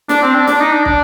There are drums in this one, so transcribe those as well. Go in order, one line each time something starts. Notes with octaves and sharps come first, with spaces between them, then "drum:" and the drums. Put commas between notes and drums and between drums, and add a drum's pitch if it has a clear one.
D4, drum: snare
C4
D4
D4, drum: snare
D#4
D4
D4, drum: kick